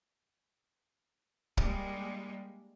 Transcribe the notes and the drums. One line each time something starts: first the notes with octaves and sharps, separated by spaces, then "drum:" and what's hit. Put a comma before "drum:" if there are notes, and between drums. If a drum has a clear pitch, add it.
G3 G#3 A#3 D4, drum: kick